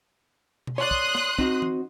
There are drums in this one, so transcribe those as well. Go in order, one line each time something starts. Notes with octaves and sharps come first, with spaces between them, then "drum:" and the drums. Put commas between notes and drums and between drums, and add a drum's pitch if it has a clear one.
drum: tom B2
C#5 D5 C6 D#6 F#6
drum: kick
drum: snare
C4 D#4 F#4, drum: kick
drum: tom E3